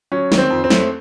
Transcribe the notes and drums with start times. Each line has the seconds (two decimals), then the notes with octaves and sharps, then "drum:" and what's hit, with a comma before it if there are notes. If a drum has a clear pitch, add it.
0.12 F#3 C#4
0.32 D#3, drum: snare
0.38 C4
0.50 F2
0.64 C4
0.70 A3, drum: snare